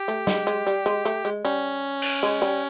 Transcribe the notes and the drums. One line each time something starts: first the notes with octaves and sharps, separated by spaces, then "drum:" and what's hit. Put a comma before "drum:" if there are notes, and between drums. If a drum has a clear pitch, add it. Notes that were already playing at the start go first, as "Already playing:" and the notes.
Already playing: G4
A3
G#3, drum: snare
G#3
G3
G#3
A3
G#3
G3 C#4
drum: cymbal
G#3
G3